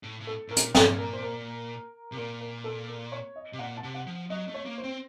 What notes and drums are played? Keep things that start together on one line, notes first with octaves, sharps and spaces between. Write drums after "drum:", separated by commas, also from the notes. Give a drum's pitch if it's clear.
A2
A2
A4
A2 A#4
A#2, drum: hi-hat
A#2 A4, drum: snare
A#4
C5
A#4
C3
A#2 A#4
A#4
A4
A#4
C#5
D#5
C3
A#2 F#5
A5
C3
F#5
F3
F#3 D#5
A3
C#5
A#3
C5
C4